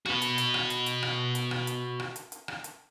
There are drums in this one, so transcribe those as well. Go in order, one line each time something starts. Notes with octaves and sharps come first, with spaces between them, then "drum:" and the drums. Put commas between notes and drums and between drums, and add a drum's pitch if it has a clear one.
F#4 B4, drum: rim click
drum: hi-hat
drum: hi-hat
drum: rim click
drum: hi-hat
drum: hi-hat
drum: rim click
drum: hi-hat
drum: rim click
drum: hi-hat
drum: rim click
drum: hi-hat
drum: hi-hat
drum: rim click
drum: hi-hat